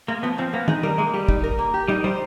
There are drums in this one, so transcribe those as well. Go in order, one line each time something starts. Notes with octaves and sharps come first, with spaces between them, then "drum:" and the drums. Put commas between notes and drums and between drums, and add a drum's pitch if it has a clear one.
G#3 A#3
F3 B3
F3 C4
A#3 B3
G#3 D#4, drum: tom
G3 A#4
G#3 A#3
G3 G4
D#4, drum: kick
A#4
A#3
G4
G3 D#4
G3 C5